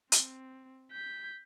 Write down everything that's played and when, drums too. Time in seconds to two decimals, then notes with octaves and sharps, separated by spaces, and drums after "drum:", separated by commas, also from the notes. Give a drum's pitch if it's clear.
0.12 C4, drum: hi-hat
0.92 G6 B6